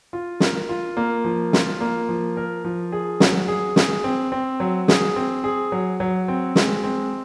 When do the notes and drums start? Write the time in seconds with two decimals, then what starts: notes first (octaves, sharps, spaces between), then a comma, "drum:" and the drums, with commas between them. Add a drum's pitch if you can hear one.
0.13 F4
0.40 A#4, drum: snare
0.69 F4
0.97 A#3
1.24 F3
1.53 F4, drum: snare
1.81 A#3
2.09 F3
2.37 A#4
2.64 F3
2.92 G#4
3.20 F#3, drum: snare
3.48 G#4
3.76 G#4, drum: snare
4.04 C4
4.32 C4
4.60 F#3
4.88 G#4, drum: snare
5.16 C4
5.44 G#4
5.72 F#3
6.00 F#3
6.28 C4
6.56 G#3, drum: snare
6.84 C4